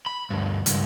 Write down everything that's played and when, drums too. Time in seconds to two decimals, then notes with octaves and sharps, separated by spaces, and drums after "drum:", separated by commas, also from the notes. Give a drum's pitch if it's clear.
0.06 B5
0.30 D2 G2
0.66 C#2 G2, drum: hi-hat